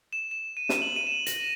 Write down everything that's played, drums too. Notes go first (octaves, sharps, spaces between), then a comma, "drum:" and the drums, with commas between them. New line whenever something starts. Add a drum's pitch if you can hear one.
E7
E7
D#7
drum: snare
F#7
D#7
E7
A#6, drum: hi-hat